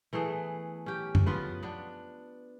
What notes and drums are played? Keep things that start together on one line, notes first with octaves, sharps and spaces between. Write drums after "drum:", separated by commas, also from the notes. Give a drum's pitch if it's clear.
E3 A3 B3 G#4
C#4 G4
drum: tom F#2
F3 B3 F4 B4
B3 D4